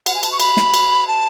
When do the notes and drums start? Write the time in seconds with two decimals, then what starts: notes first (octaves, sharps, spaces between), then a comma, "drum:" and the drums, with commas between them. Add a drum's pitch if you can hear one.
0.06 F#5, drum: cymbal
0.15 G#5
0.23 A5, drum: cymbal
0.32 C#6
0.40 B5, drum: cymbal
0.57 drum: snare
0.74 drum: cymbal
1.07 A5